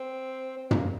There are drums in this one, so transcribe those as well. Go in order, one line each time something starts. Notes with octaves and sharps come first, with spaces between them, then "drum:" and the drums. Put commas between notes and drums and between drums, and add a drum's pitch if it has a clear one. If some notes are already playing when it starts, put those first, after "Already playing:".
Already playing: C4
C4
A#3, drum: tom